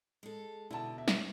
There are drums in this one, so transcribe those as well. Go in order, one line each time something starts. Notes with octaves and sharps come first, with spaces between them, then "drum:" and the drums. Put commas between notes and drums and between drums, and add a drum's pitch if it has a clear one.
G#3 A4
B2 D3 E4 A5
E5
drum: snare